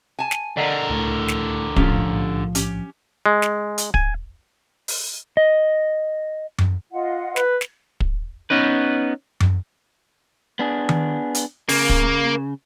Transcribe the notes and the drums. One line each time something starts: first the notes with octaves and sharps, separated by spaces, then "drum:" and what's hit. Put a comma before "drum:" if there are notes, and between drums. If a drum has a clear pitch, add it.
G#5 A5
drum: snare
D3 A#4 D5 D#5 F#5 A#5 B6 C7
C#2 A2
drum: snare
B1 A2 F3 C#4 F4 G4, drum: kick
C#4 G4, drum: hi-hat
G#3
drum: snare
drum: hi-hat
G#5, drum: kick
drum: open hi-hat
D#5
drum: tom F#2
F4 D#5 F#5
B4, drum: snare
drum: snare
drum: kick
B3 C#4 D#4 B4
drum: tom F#2
B3 D4 G#4
drum: tom D#3
drum: hi-hat
C#3 A#3, drum: open hi-hat
drum: kick